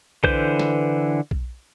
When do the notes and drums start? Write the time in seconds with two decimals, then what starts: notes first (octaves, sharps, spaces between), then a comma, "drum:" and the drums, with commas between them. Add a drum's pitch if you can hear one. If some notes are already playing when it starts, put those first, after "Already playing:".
0.24 D3 E3 B4 C5 G6, drum: kick B1
0.59 drum: snare
1.31 drum: kick B1